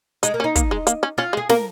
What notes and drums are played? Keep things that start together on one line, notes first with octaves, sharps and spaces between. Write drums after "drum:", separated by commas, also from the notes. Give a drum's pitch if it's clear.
G#3 D#4, drum: hi-hat
A#3
C#4
D#4
A#3, drum: kick, hi-hat
G#3
A#3, drum: hi-hat
C#4
C#4 F4
G#3
G#4
A#3 A#4, drum: snare